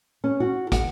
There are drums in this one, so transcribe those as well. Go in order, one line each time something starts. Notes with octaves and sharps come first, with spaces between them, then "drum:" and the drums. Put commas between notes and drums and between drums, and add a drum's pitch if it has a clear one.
C#4
F#4
F#5, drum: kick, hi-hat